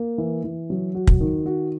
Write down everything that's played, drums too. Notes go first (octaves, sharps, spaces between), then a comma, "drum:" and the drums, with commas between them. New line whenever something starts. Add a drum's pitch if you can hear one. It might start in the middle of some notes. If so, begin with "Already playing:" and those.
Already playing: A#3
E3
E3
F#3
F#4
drum: kick
D#3
F#4